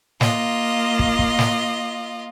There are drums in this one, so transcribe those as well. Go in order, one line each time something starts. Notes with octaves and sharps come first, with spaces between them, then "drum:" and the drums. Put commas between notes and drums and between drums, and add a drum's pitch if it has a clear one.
A#3 F4 D#5, drum: snare
drum: kick
drum: kick
drum: snare